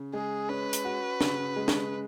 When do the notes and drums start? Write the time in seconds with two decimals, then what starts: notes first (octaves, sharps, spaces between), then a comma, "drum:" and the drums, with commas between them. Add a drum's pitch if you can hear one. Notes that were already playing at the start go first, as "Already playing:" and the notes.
Already playing: C#3
0.13 G#3 G#4
0.49 C#4 B4
0.73 drum: hi-hat
0.85 F#4
1.21 C#3, drum: snare
1.56 G#3
1.68 drum: snare